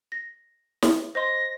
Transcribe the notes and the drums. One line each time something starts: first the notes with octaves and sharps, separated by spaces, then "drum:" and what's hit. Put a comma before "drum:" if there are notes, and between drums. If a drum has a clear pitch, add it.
A#6
drum: snare
C5 D#5 C6 A#6